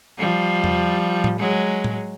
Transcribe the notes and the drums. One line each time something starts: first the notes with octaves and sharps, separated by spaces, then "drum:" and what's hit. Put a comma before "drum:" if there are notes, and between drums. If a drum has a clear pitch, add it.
F3 G3
drum: tom E2
drum: tom A2
F#3 G#3
drum: tom A2